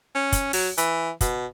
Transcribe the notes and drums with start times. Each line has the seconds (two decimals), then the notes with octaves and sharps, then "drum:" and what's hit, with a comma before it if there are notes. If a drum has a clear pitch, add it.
0.15 C#4
0.32 drum: kick, hi-hat
0.53 F#3, drum: open hi-hat
0.78 E3, drum: hi-hat
1.21 B2, drum: kick, hi-hat